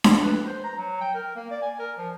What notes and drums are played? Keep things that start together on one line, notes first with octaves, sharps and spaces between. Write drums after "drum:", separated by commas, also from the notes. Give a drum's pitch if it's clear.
drum: snare D4
B4
C5
A#5
F#3
G5
A#4
A#3
D5
G#5
A#4
F3